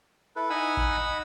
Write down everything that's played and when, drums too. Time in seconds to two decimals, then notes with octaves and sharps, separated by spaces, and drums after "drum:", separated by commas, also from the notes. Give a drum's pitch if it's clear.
0.36 E4 A4 B4
0.50 D#4 F#5 G#5 B5 E6
0.77 drum: kick A1